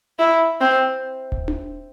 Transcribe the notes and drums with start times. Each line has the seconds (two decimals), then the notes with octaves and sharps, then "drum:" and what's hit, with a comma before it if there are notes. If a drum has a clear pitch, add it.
0.19 E4
0.61 C4
1.32 drum: kick D#1
1.48 drum: tom D4